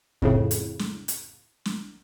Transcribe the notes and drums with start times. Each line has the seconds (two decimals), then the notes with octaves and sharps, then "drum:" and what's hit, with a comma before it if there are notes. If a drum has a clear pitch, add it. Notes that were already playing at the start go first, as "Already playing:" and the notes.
0.22 F2 A2 C#3, drum: kick
0.51 drum: hi-hat
0.79 drum: snare
1.08 drum: hi-hat
1.65 drum: snare